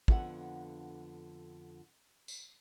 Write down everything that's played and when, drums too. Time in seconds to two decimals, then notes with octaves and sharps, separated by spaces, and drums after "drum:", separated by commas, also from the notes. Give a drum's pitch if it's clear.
0.08 F2 D3 B3 G4 E5 F#5, drum: kick
2.28 drum: tambourine